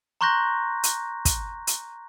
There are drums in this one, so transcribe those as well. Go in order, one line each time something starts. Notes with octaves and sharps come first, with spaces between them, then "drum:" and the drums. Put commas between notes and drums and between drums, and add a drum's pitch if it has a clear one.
A#5 C6 C#6 F#6 G6 A#6
drum: hi-hat
drum: kick, hi-hat
drum: hi-hat